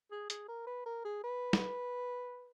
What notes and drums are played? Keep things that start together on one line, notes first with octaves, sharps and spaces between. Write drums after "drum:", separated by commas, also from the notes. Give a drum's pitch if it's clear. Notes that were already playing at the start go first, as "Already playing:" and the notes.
G#4
G#4, drum: hi-hat
A#4
B4
A#4
G#4
B4
drum: snare